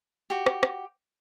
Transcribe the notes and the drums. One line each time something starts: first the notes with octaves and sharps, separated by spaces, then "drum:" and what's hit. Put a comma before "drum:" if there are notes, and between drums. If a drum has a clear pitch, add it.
F#4 G4
drum: rim click
drum: rim click